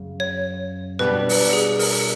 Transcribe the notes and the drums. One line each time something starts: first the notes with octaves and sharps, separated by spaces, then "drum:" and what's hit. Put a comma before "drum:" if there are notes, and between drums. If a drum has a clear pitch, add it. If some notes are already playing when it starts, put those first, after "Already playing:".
Already playing: F#2 C#3
C#5
B2 G3 B3 D4 G4 B4
drum: open hi-hat
G#4
A#4, drum: open hi-hat